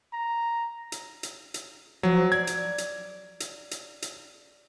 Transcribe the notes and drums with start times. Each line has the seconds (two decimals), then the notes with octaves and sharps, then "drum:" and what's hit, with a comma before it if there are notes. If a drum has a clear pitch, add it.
0.14 A#5
0.92 drum: hi-hat
1.23 drum: hi-hat
1.54 drum: hi-hat
2.03 F3 F#3 C5
2.32 D5 G#6
2.47 drum: hi-hat
2.78 drum: hi-hat
3.40 drum: hi-hat
3.71 drum: hi-hat
4.02 drum: hi-hat